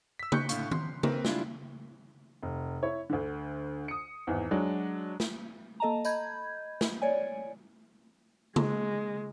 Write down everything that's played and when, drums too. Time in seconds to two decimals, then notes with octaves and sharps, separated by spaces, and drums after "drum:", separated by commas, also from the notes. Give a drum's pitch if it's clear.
0.19 E6 B6
0.32 C#6 F#6 G6 C#7, drum: tom C#3
0.49 A2 D3 F5 C#6, drum: hi-hat
0.71 C6, drum: tom
1.03 C4 A#4 B4, drum: tom C#3
1.25 G3 G#3 D4 E4 F4, drum: snare
2.43 F1
2.83 E4 C#5
3.10 D2 D3
3.88 D#6 C#7
4.27 G#1 E2
4.51 F#3 G#3 D4
5.20 drum: snare
5.80 A#3 A4 D#5 A5 A#5
6.05 D#5 B5 G6 G#6, drum: tambourine
6.81 drum: snare
7.02 C#5 D5 G#5
8.56 G#3, drum: tom C#3